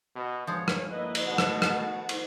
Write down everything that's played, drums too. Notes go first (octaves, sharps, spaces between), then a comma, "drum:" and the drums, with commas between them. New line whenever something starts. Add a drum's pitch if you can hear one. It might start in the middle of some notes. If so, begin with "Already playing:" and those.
B2
G1 F3 G#3 C#5
drum: rim click
A#3 E4 B4 D#5
drum: cymbal
B2 D#3 A3 F#5 A5
drum: rim click
drum: rim click
drum: cymbal